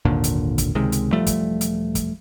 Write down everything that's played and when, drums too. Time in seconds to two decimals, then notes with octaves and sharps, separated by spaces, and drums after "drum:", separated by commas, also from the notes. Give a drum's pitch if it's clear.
0.05 G#1 D#2 A#2 D3
0.24 drum: hi-hat
0.58 drum: kick, hi-hat
0.75 C#2 C3 D#3 G#3
0.92 drum: hi-hat
1.12 E1 F3 G3 A3
1.26 drum: kick, hi-hat
1.61 drum: hi-hat
1.95 drum: kick, hi-hat